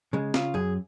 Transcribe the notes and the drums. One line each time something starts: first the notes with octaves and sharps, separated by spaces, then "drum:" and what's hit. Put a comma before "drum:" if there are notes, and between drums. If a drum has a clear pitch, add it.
C#3 G#3
C#3 F4, drum: snare
F#2 G#4